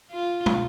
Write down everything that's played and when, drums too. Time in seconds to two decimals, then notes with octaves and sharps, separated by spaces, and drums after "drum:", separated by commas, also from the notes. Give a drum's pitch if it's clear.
0.11 F4
0.46 drum: tom